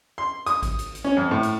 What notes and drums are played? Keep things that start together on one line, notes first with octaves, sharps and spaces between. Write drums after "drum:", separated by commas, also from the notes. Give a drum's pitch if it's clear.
C6
D#6, drum: hi-hat
drum: kick G#1, hi-hat
drum: hi-hat
drum: hi-hat
C#4
F2
A2
drum: hi-hat